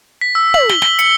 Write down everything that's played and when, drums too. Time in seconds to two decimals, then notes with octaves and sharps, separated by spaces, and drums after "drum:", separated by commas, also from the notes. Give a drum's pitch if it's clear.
0.21 B6
0.35 E6
0.54 F#7, drum: tom
0.69 G7, drum: snare
0.82 G7, drum: snare
0.99 C#7, drum: hi-hat